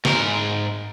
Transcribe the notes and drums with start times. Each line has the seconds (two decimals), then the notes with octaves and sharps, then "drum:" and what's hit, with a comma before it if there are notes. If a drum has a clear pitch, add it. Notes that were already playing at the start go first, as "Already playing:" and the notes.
0.05 G#2 A#4, drum: snare